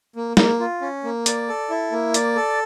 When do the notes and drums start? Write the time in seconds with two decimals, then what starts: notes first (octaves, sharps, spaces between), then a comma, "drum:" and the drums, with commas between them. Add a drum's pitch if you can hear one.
0.16 A#3
0.37 A#3, drum: snare
0.60 F4
0.82 C#4
1.04 A#3
1.26 D5, drum: hi-hat
1.49 A4
1.70 E4
1.92 A#3
2.14 D5, drum: hi-hat
2.36 A4